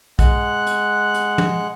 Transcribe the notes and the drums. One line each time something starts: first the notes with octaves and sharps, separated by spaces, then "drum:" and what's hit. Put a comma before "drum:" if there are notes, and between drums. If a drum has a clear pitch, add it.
G#3 F#5 F#6, drum: kick, hi-hat
drum: hi-hat
drum: hi-hat
drum: tom